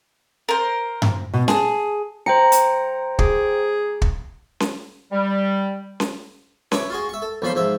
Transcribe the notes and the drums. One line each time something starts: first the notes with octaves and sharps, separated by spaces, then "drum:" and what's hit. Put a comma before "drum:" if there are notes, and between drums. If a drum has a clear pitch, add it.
A#4 C5
drum: tom G2
B2
G#4 A5, drum: snare C#4
C5 G5 A#5 C#7
drum: hi-hat
G#4 D6, drum: kick
drum: kick
drum: snare C#4
G3
drum: snare C#4
B4 C#5 E5 C#6 D6, drum: snare C#4
F4 F#4 G#4
E5 C#6
A4
B1 F2 F3 F5 B5 C6
G#2 F3 E5